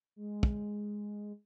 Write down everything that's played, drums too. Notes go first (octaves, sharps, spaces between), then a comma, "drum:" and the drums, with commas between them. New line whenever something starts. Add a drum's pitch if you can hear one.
G#3
drum: kick